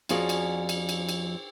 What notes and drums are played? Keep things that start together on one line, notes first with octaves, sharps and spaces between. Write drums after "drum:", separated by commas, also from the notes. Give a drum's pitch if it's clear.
F2 F3 C#4 F#4 G#4 D5, drum: cymbal
drum: cymbal
drum: cymbal
drum: cymbal
drum: cymbal